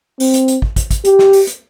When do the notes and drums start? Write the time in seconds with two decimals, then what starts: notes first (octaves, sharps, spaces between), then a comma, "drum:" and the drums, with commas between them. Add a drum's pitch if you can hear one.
0.20 C4, drum: open hi-hat
0.34 drum: hi-hat
0.48 drum: hi-hat
0.62 drum: kick
0.76 drum: kick, hi-hat
0.91 drum: kick, hi-hat
1.05 G4, drum: hi-hat
1.19 drum: snare
1.33 drum: open hi-hat
1.47 drum: hi-hat